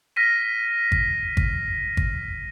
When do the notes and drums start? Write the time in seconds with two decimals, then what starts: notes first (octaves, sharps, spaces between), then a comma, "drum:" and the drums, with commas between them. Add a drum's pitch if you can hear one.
0.16 F6 A#6 B6 D#7
0.92 drum: kick G#1
1.37 drum: kick G#1
1.97 drum: kick G#1